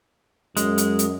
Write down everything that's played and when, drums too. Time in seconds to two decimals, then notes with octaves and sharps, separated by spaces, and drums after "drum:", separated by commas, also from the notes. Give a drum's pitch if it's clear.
0.57 F#2 G#3, drum: hi-hat
0.78 drum: hi-hat
0.99 drum: hi-hat